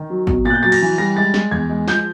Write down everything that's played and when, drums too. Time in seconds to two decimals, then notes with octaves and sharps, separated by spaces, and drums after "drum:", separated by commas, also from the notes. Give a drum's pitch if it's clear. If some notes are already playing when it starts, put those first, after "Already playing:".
Already playing: D#3
0.10 F#3
0.27 B2, drum: kick G#1
0.45 A#2 A6
0.50 F#6
0.54 G6
0.63 F#3 A6
0.72 A#6, drum: cymbal
0.81 E3
0.98 G3 A#6
1.16 G#3 A6
1.34 G#3, drum: snare
1.51 E2 G#6
1.69 G#3
1.88 F3 G6, drum: snare